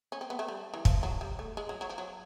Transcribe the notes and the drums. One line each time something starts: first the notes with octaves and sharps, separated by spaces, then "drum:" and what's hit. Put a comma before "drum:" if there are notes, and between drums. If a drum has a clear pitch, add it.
C#4
C4
B3
A3
G3
E3
F3, drum: kick
F#3
G3
A3
G#3
F#3
F#3
F3
F#3